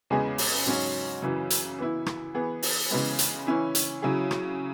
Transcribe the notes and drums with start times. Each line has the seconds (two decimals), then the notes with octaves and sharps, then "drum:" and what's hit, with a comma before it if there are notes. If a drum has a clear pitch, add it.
0.10 E2 C#3 G#3 B3 G#4
0.38 drum: open hi-hat
0.66 G#2 F#3 C#4
1.22 F#2 C#3 E3
1.50 drum: hi-hat
1.78 E3 B3 E4
2.06 drum: rim click
2.34 E3 B3 G#4
2.63 drum: open hi-hat
2.91 C#3 E3 G#3 B3
3.19 drum: hi-hat
3.47 E3 C#4 E4
3.75 drum: hi-hat
4.02 C#3 F#3 E4 G#4
4.31 drum: rim click